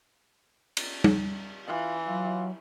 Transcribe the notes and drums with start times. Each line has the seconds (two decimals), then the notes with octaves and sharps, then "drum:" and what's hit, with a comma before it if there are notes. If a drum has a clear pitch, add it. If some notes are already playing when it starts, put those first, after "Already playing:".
0.77 drum: cymbal
1.04 drum: tom G3
1.67 E3 F4
2.06 F#3 F4